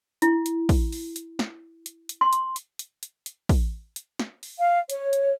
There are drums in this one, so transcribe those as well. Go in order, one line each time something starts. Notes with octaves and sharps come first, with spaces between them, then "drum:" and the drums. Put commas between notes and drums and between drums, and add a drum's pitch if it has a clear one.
E4, drum: hi-hat
drum: hi-hat
drum: kick, open hi-hat
drum: open hi-hat
drum: hi-hat
drum: snare
drum: hi-hat
drum: hi-hat
C6
drum: hi-hat
drum: hi-hat
drum: hi-hat
drum: hi-hat
drum: hi-hat
drum: kick, open hi-hat
drum: hi-hat
drum: snare
drum: open hi-hat
F5
C#5, drum: hi-hat
drum: hi-hat